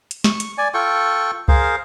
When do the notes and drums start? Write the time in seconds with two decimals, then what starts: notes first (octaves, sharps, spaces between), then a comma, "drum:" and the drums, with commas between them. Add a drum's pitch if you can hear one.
0.11 drum: hi-hat
0.24 C#6, drum: snare
0.40 drum: hi-hat
0.58 D5 G#5
0.74 F4 A4 G5 C#6
1.48 G#4 A#4 C5 F5, drum: kick